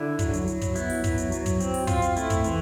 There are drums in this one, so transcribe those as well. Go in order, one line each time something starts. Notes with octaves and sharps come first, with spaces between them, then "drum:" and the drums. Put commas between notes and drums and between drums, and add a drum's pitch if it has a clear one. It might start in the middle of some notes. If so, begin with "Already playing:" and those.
Already playing: D3 E4
F#3, drum: kick, hi-hat
drum: hi-hat
F#3, drum: hi-hat
drum: kick, hi-hat
B3 E4, drum: hi-hat
drum: open hi-hat
F#3, drum: kick, hi-hat
drum: hi-hat
F#3, drum: hi-hat
drum: kick, hi-hat
C4, drum: hi-hat
drum: open hi-hat
C4 F4, drum: kick, hi-hat
drum: hi-hat
A3 E4, drum: hi-hat
drum: kick, hi-hat
E3, drum: hi-hat